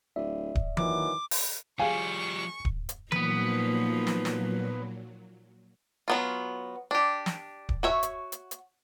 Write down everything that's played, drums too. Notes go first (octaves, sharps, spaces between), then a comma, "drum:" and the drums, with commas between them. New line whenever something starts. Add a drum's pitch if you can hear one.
D1 D5 E5
drum: kick D1
A#2 D#3 E3 F#3 D6, drum: tom E3
drum: open hi-hat
F3 G3 G#4 F5 G#5 C#6
drum: kick D1
drum: hi-hat
A#2 F3 F#3 A#3 B3 D#4 B4, drum: tom E3
drum: snare
drum: snare
F#3 B3 F4
D4 G4
drum: snare
drum: kick D1
F#4 C#5 E5
drum: hi-hat
drum: hi-hat
drum: hi-hat